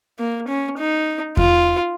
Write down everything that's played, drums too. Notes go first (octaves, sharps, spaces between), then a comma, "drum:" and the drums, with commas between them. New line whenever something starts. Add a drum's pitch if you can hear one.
A#3
C#4
D#4
F4, drum: kick E2